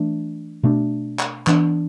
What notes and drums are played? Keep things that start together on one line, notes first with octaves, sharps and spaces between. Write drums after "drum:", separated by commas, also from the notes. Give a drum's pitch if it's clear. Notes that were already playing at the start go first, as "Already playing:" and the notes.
Already playing: E3 A3 D4
B2 A3 D4
drum: clap
E3 B3 D4, drum: clap